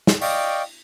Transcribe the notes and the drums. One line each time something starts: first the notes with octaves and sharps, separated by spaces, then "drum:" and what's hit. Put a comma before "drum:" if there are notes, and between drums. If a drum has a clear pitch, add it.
drum: snare
D5 D#5 F5 G5 C#6, drum: open hi-hat